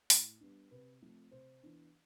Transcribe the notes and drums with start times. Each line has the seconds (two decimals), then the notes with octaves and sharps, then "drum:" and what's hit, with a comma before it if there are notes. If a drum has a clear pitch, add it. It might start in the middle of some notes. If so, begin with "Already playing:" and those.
0.10 A2, drum: open hi-hat
0.40 G3 B3 D4
0.71 C3 B4
1.02 F3 A3 C4
1.31 C3 C5
1.63 E3 B3 D4